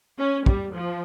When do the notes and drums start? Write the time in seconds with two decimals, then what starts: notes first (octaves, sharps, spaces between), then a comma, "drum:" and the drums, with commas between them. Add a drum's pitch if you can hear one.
0.18 C#4
0.46 G3, drum: kick
0.74 F3